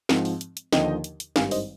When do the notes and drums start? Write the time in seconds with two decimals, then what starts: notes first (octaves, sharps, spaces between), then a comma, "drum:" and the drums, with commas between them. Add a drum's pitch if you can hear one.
0.09 G#2 F3 C4, drum: snare
0.25 drum: open hi-hat
0.41 drum: hi-hat
0.57 drum: hi-hat
0.73 D#2 D3 F3 D#5 G5, drum: snare
1.04 drum: hi-hat
1.20 drum: hi-hat
1.36 G#1 G2 D#3 G3 F5 G#5, drum: snare
1.51 C5 D#5, drum: open hi-hat